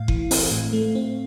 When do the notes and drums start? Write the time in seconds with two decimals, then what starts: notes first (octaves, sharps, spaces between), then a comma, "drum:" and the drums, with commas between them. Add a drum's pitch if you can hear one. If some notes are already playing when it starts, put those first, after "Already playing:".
Already playing: A2 F5
0.08 E3, drum: kick F#1
0.31 C4, drum: open hi-hat
0.51 A2
0.73 A3
0.95 C4